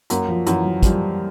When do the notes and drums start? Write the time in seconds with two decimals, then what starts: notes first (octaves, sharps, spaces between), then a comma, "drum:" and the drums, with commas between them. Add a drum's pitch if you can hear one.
0.10 F#2 A#3, drum: hi-hat
0.28 F3
0.47 F#2 E3, drum: hi-hat
0.65 F#3
0.83 F3 G3, drum: kick, hi-hat